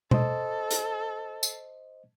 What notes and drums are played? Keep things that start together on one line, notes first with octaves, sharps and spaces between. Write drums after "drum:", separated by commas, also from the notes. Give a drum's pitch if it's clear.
A4 C5 D#5, drum: tom B2
drum: hi-hat
drum: tambourine